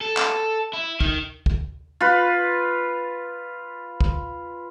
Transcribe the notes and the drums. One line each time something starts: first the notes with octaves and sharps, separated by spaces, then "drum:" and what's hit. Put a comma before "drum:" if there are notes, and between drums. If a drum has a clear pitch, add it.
A4
drum: clap
E4
D#3, drum: kick
drum: kick
F4 B4
drum: kick